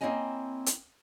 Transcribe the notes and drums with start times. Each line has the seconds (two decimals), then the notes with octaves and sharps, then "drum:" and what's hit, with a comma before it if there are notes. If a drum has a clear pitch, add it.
0.01 A#3 C4 E4 C#5 D#5 G#5
0.66 drum: hi-hat